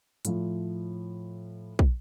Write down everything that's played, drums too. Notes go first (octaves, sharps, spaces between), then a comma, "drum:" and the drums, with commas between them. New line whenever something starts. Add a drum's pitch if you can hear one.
A2 F3, drum: hi-hat
drum: kick